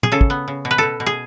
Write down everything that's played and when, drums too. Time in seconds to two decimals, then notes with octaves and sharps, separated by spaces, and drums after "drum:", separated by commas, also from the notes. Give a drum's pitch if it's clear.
0.03 G#4, drum: tom
0.12 C#3 A4
0.21 drum: kick
0.30 B3
0.48 C#3
0.65 B2
0.71 B4
0.78 B2 A4
1.00 B2
1.06 G#4